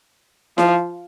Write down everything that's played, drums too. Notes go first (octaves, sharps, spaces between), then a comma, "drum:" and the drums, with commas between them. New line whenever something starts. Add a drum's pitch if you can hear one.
F3, drum: snare E4